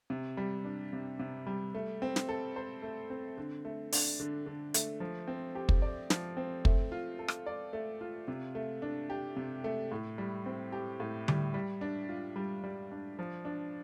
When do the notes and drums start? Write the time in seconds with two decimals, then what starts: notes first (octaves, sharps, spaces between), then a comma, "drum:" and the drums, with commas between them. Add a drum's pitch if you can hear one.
0.10 C3
0.37 G3
0.64 D4
0.93 C3
1.19 C3
1.47 G3
1.75 A3
2.02 C4
2.16 drum: snare
2.29 A4
2.56 C5
2.82 A3
3.10 C4
3.37 D3
3.65 A3
3.92 D4, drum: open hi-hat
4.20 D3
4.46 D3
4.74 A3, drum: hi-hat
5.00 F3
5.28 C4
5.55 G4
5.69 drum: kick
5.82 D5
6.10 F3, drum: snare
6.37 C4
6.65 A3, drum: kick
6.92 F4
7.19 A4
7.28 drum: rim click
7.46 D5
7.73 A3
8.01 F4
8.28 C3
8.55 A3
8.82 D4
9.10 G4
9.36 C3
9.64 A3
9.92 A2
10.18 G3
10.46 C4
10.72 G4
11.00 A2
11.28 G3, drum: tom D3
11.54 G3
11.81 D4
12.09 F4
12.36 G3
12.64 G3
12.91 D4
13.19 F3
13.45 D4